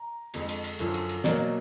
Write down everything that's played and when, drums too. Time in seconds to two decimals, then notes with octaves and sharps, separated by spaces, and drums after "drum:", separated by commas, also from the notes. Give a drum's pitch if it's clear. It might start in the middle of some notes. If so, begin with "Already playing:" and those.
Already playing: A#5
0.34 F2 D3 G#3, drum: cymbal
0.49 drum: cymbal
0.64 drum: cymbal
0.79 F#2 D3 F3, drum: cymbal
0.94 drum: cymbal
1.09 drum: cymbal
1.24 B2 F#3 A#3 D5, drum: snare